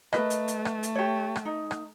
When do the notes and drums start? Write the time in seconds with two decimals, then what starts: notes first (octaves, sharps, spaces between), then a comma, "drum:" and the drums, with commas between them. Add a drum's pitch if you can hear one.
0.13 A3 A#4 B4 D#5, drum: rim click
0.30 drum: hi-hat
0.48 drum: hi-hat
0.65 drum: rim click
0.83 drum: hi-hat
0.95 G4 C#5
1.36 drum: rim click
1.45 D#4
1.71 drum: rim click